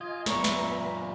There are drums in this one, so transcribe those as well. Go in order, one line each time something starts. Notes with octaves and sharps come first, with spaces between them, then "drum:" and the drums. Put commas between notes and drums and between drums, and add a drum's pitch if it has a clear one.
F4 D#5 G#5
F#2 A#2 B3 C#5 E5 A#5 B5, drum: snare
drum: snare